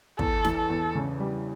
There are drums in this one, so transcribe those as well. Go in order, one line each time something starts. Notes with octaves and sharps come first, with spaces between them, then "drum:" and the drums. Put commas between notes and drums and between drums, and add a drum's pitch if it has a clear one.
E2 A4, drum: kick
E3, drum: snare
A4
E2
C#3
G3